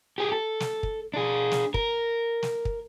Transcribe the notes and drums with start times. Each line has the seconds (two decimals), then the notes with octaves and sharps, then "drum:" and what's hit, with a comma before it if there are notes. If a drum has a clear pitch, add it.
0.18 G4 G#4
0.32 A4
0.60 drum: snare
0.83 drum: kick
1.14 D4 G#4
1.51 drum: snare
1.74 A#4, drum: kick
2.43 drum: snare
2.65 drum: kick